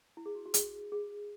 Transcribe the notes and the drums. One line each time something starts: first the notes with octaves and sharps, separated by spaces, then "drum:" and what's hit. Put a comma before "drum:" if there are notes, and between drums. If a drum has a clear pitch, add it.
E4
G#4
F#4
F#4
G#4, drum: hi-hat
G#4